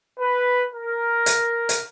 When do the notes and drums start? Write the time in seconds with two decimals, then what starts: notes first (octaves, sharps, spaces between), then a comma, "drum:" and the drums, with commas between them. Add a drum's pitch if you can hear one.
0.19 B4
0.75 A#4
1.26 drum: hi-hat
1.69 drum: hi-hat